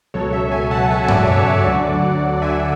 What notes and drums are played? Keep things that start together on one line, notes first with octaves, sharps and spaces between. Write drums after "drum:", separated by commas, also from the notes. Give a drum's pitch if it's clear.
C#2 B2 F#3 A4 C#5
C#5 E5
E5 G#5
G#5
F#5 A5
C#2 B2 F#3 E5 G#5
D5 F#5, drum: tom G2
C#5 E5
D5 F#5
D2 D3 F#3
D2 D3 F#3 E5 G#5